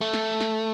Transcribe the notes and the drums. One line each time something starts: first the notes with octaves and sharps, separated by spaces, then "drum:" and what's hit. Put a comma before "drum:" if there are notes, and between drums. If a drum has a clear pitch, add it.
A3
drum: snare
drum: snare